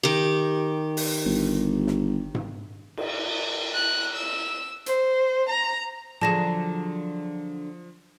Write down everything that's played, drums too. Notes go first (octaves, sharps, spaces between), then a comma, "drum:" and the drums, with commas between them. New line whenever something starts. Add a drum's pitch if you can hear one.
D#3 G4
drum: open hi-hat
G1
drum: snare
drum: tom G#2
drum: cymbal
F#6
E6
C5, drum: hi-hat
A#5
D3 F3 F#3 G#4 A5 A#6 E7